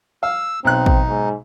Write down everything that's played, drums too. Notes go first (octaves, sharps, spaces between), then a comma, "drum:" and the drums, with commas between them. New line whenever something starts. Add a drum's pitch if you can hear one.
F5 E6
B1 C4 D#4 F#6
drum: kick
G#2